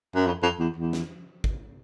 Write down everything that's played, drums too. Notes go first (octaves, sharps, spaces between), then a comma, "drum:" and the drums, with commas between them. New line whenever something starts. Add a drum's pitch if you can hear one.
F#2
F2
F2
E2
E2
drum: snare
drum: kick G#1